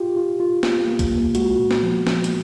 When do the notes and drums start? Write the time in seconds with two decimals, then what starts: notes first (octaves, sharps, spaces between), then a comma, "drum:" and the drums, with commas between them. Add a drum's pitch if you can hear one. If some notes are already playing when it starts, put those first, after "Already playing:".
Already playing: F4 G4
0.16 F4
0.40 F4
0.63 F4, drum: snare
0.87 A#3
0.99 drum: kick, hi-hat
1.11 A#3
1.35 G#3 F#4, drum: hi-hat
1.59 A#2
1.71 drum: snare
1.83 F3
2.07 F3, drum: snare
2.24 drum: hi-hat